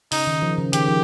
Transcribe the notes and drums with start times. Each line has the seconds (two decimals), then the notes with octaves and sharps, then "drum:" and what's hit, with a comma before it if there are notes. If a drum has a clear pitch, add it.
0.12 C#3 D#4, drum: open hi-hat
0.27 D#3
0.42 F3
0.58 C#3
0.73 D#3 G4, drum: hi-hat
0.89 F3